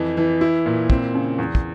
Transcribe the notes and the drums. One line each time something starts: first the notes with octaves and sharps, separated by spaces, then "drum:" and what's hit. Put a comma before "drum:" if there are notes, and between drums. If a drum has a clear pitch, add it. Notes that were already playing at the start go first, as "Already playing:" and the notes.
Already playing: F2 E3
E3
E4
A#2
C4, drum: kick
C#3
E2
drum: kick